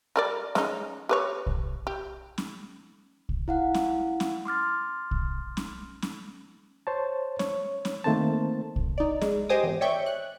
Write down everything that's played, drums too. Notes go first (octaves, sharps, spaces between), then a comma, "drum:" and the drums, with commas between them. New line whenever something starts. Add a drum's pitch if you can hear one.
G3 A#4 D5
G#3 C#4 D#4, drum: snare
G4 B4 C#5
drum: kick
G4
drum: snare
drum: kick
E4 F5 F#5
drum: snare
drum: snare
C6 D6 F6 A6
drum: kick
drum: snare
drum: snare
C5 C#5 A5
C#5, drum: snare
drum: snare
D#3 A3 A#3 C4 C5 A5
drum: kick
D#4 D5
G#3, drum: snare
G4 C5 D#5 G#5 D6 D#6
G#1 E2
C#5 D5 E5 G5 C#6 G6
F#6